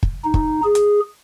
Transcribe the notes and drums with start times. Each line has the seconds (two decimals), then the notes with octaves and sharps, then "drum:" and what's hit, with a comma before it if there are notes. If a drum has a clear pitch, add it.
0.03 drum: kick
0.24 D#4
0.34 drum: kick
0.63 G#4
0.75 drum: hi-hat